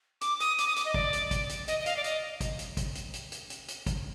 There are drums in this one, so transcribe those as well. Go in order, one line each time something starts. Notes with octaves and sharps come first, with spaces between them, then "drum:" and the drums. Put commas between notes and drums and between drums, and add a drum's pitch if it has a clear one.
D6, drum: hi-hat
D#6, drum: hi-hat
D6, drum: hi-hat
D#6
D6, drum: hi-hat
D#5
D5, drum: kick
drum: hi-hat
drum: kick, hi-hat
drum: hi-hat
D#5, drum: hi-hat
D#5
F5, drum: hi-hat
D5
D#5, drum: hi-hat
drum: kick, hi-hat
drum: hi-hat
drum: kick, hi-hat
drum: hi-hat
drum: hi-hat
drum: hi-hat
drum: hi-hat
drum: hi-hat
drum: kick, hi-hat